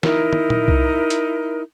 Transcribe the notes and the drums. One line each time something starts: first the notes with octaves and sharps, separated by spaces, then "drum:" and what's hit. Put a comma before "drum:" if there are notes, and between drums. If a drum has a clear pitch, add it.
D#4 E4 A#4, drum: snare
drum: tom
drum: tom A#2
drum: kick C2
drum: hi-hat